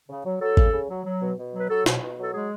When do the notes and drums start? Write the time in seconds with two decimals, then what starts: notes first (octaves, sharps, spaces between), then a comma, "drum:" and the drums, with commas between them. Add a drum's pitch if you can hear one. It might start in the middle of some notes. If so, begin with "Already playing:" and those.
0.09 C#3
0.25 F#3
0.41 F#3 A4
0.57 C#3, drum: kick
0.73 C#3
0.89 F#3
1.05 F#3
1.21 B2
1.38 B2
1.54 F#3
1.60 B4
1.70 F#3 A4
1.86 B2, drum: snare
2.02 B2
2.18 F#3 A4
2.33 G#3 G#4